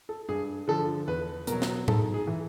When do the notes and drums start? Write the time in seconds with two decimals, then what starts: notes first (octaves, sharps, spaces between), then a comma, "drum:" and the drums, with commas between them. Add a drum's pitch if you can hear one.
0.09 A4
0.29 G2 G#4
0.68 D3 F3 A4
1.07 E2 B4
1.47 B2 F#3 A#4, drum: hi-hat
1.62 drum: snare
1.88 G#2 A4, drum: tom A2
2.14 G#4
2.27 E3